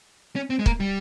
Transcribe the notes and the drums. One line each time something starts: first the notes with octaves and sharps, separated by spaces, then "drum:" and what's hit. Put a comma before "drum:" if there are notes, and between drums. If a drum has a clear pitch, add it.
C#4
C4
G#3
A#3, drum: kick
G3